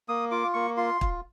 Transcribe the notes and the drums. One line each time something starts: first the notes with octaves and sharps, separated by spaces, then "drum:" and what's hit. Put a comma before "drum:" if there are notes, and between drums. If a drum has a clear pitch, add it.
A#3 D#6
F4 D6
A#3 C#6
F4 C6
F4, drum: kick